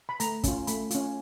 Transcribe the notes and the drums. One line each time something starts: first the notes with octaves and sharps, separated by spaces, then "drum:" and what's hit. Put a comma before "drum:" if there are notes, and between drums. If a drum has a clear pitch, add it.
B5
A3 A#5, drum: hi-hat
C#4 F4, drum: kick, hi-hat
A3 B5, drum: hi-hat
C#4 F4, drum: hi-hat